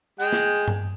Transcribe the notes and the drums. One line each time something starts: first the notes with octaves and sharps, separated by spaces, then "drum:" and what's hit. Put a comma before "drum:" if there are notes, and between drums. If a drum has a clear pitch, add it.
G#3 G5, drum: hi-hat
drum: snare
drum: tom G2